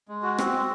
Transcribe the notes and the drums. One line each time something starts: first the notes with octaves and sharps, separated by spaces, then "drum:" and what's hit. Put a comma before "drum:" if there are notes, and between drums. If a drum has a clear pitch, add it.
G#3
F#4
C4, drum: rim click
G#3